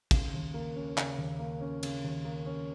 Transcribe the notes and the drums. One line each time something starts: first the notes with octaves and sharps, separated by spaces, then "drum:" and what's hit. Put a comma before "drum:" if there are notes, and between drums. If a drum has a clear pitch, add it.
C#3, drum: kick, cymbal
D#2
A#3
C#4
C#3, drum: clap
D#2
A#3
C#4
C#3, drum: cymbal
D#2
A#3
C#4